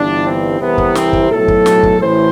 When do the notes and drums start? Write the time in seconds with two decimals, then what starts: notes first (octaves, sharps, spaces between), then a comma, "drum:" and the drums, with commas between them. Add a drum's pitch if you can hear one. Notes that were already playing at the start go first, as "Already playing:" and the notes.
Already playing: G1 G2 E3 D4
0.26 C4
0.60 C2 C3 E3 B3
0.78 drum: kick
0.95 C4, drum: snare
1.13 drum: kick
1.30 B1 A2 F#3 A4
1.48 drum: kick
1.66 drum: snare
1.83 drum: kick
2.01 A1 A2 E3 C5